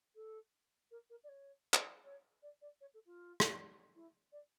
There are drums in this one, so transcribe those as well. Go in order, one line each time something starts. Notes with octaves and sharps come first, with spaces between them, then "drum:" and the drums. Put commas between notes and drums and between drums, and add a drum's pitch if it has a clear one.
A4
A#4
A#4
D5
C#5
drum: clap
C#5
D5
D5
C#5
A4
F4
drum: rim click
E4
D5